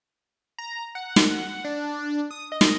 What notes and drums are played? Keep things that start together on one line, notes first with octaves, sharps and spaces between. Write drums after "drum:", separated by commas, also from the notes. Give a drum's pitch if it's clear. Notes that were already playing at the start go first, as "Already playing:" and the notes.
A#5
F#5
drum: snare
D4
D#6
D#5
drum: snare